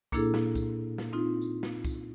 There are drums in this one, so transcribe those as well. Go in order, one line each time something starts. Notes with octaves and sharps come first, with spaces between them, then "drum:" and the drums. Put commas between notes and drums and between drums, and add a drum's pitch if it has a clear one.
A#2 A#3 D4 E4 G#4 A4, drum: kick C2, tambourine
drum: snare
drum: kick C2, tambourine
drum: snare
C4 D#4 F4
drum: tambourine
drum: snare
drum: kick C2, tambourine